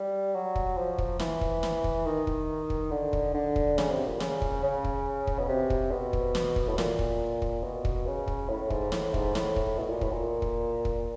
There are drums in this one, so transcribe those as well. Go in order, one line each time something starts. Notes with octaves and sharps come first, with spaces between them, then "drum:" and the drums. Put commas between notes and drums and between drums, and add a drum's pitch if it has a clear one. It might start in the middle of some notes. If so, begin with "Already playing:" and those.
Already playing: G3
F#3
drum: kick
F3
drum: kick
E3, drum: snare
drum: kick
drum: snare
drum: kick
D#3
drum: kick
drum: kick
D3
drum: kick
D3
drum: kick
C#3, drum: snare
C3
A#2
C#3, drum: snare
drum: kick
C#3
drum: kick
drum: kick
B2
C3
drum: kick
B2
drum: kick
drum: snare
drum: kick
A2
A#2, drum: snare
drum: kick
drum: kick
B2
drum: kick
C#3
drum: kick
A2
G#2, drum: kick
A2, drum: snare
G#2, drum: kick
A2, drum: snare
drum: kick
B2
A#2
A2, drum: kick
A#2
drum: kick
drum: kick